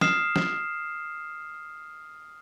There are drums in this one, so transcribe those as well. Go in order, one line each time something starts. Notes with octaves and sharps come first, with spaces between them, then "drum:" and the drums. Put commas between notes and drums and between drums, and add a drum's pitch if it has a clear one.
D#6 F6 C7 E7, drum: snare
drum: snare